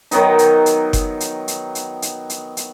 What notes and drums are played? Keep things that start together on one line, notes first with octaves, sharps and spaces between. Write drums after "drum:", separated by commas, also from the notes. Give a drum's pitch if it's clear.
D#3 F#3 B3 D#4, drum: hi-hat
drum: hi-hat
drum: hi-hat
drum: kick F#1, hi-hat
drum: hi-hat
drum: hi-hat
drum: hi-hat
drum: hi-hat
drum: hi-hat
drum: hi-hat